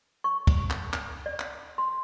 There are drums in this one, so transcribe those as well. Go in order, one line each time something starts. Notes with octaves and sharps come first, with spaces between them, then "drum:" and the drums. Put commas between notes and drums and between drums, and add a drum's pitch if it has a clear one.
C#6
drum: kick, cymbal
drum: clap
drum: clap
D5
drum: clap
C6